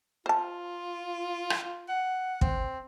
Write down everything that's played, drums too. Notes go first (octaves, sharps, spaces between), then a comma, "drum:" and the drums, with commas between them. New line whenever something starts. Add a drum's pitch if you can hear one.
F4 C5 A5
drum: rim click
F#5
C4, drum: kick